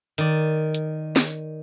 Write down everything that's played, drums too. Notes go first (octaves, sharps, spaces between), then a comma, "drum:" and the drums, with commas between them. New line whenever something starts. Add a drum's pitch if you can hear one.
D#3 D5, drum: hi-hat
drum: hi-hat
drum: snare